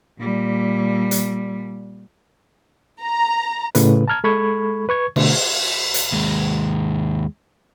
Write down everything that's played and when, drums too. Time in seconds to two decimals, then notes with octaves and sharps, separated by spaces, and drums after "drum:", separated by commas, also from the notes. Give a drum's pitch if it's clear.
0.20 A#2 G3
1.11 drum: hi-hat
3.02 A#5
3.75 A2 C#3 B4, drum: hi-hat
4.08 A5 A#5 F6 G#6
4.24 G#3 A4 B5 C#6 G#6
4.89 B4 C#6 G#6
5.16 B2 D3 A3, drum: cymbal
5.94 drum: hi-hat
6.12 D#2 G#3